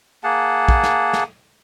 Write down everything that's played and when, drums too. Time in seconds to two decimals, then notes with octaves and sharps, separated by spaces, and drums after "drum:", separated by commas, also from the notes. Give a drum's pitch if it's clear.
0.24 A#3 G#4 F#5 A5
0.69 drum: kick
0.83 drum: snare
1.13 drum: snare